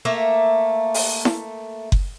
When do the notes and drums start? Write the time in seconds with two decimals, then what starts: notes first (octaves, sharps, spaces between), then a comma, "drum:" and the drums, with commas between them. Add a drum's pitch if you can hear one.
0.05 A3 A#3 E5 F5
0.94 drum: open hi-hat
1.25 drum: snare E4
1.92 drum: kick F#1